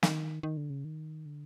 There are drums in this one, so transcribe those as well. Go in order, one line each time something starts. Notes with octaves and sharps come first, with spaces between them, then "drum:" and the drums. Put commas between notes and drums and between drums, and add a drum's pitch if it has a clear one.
D#3, drum: snare
D#3
D3
C#3
D#3
D3